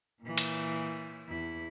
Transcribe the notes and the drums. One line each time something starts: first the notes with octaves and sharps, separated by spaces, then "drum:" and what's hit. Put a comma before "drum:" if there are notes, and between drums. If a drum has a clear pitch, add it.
A#2 E3
drum: cymbal
E2 E4